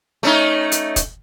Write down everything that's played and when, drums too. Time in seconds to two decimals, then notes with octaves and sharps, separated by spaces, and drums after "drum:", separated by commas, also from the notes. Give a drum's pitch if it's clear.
0.23 A3 C#4 D#4
0.72 drum: hi-hat
0.96 drum: kick, hi-hat